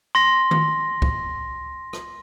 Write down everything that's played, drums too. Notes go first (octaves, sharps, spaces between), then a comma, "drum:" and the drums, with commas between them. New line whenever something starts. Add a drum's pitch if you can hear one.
C6 A#6
drum: tom D#3
drum: kick
drum: rim click